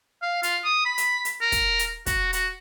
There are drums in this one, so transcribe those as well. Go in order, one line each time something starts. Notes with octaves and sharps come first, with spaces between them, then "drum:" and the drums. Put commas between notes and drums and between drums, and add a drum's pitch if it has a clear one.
F5
F4, drum: hi-hat
D#6
B5
drum: hi-hat
drum: hi-hat
A#4
drum: kick, hi-hat
drum: hi-hat
F#4, drum: kick, hi-hat
F#4, drum: hi-hat